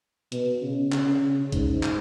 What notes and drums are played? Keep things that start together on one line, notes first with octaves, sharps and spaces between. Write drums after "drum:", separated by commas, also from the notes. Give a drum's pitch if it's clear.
B2, drum: hi-hat
C#3
C#3, drum: clap
G#2, drum: kick, hi-hat
drum: clap